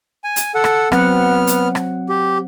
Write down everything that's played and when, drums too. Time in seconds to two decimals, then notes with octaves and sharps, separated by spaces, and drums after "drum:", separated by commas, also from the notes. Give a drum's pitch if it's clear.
0.24 G#5
0.36 drum: hi-hat
0.55 A4 F#5
0.64 drum: rim click
0.92 F#3 B3 C4 F#5 F6, drum: rim click
1.47 drum: hi-hat
1.75 drum: rim click
2.09 G4